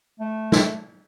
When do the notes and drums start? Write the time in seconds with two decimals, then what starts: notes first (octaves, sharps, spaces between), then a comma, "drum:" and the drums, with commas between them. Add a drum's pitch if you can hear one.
0.20 A3
0.52 drum: snare